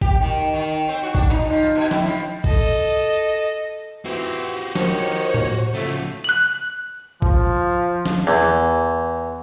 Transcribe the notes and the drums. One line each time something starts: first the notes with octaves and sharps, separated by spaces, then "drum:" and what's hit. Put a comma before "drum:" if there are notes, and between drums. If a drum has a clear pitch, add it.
G4, drum: kick G#1
D#3
D#3
C4
F#4
D4, drum: kick G#1
D#4
F3
B2
E4, drum: snare
F3
A4 D#5, drum: kick G#1
E3 C4 F#4 G4
drum: hi-hat
D#3 C5 C#5, drum: snare
drum: tom A2
C#3 F3 F#3 A3
F#6 F#7
F3, drum: kick G#1
drum: snare
E2